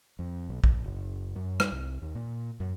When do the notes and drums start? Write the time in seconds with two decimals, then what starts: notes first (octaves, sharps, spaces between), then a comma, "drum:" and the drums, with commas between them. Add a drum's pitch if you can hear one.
0.19 F2
0.49 B1
0.64 A#1, drum: kick A#1
0.84 F#1
1.36 F#2
1.60 G3, drum: rim click
1.72 C2
2.02 D#2
2.15 A#2
2.60 F#2